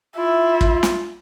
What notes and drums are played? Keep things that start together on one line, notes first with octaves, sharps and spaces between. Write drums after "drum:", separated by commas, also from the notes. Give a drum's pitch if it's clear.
E4 F4
drum: kick
drum: snare